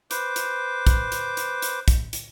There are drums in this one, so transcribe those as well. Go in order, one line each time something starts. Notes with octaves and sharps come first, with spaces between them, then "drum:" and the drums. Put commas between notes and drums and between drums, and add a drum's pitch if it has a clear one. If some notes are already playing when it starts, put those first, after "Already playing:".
B4 C5 D6, drum: hi-hat
drum: hi-hat
drum: kick, hi-hat
drum: hi-hat
drum: hi-hat
drum: hi-hat
drum: kick, hi-hat
drum: hi-hat